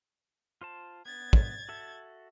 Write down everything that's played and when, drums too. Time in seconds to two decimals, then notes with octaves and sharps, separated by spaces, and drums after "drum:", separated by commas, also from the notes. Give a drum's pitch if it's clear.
0.61 F4 C5 A5
1.05 B3 G#6 A6
1.33 drum: kick
1.69 F#4 A4 E5